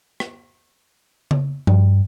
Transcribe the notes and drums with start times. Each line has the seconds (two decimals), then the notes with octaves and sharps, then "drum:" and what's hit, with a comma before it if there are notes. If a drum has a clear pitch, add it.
0.20 drum: rim click
1.31 drum: tom C#3
1.67 G2, drum: tom F3